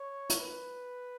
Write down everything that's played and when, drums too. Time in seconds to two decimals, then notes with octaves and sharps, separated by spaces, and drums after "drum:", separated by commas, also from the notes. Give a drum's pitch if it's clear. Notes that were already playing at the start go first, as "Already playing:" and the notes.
Already playing: C#5
0.30 drum: hi-hat
0.39 B4